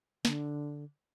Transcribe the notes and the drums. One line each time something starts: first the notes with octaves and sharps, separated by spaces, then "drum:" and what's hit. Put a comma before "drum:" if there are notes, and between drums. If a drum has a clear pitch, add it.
D3, drum: snare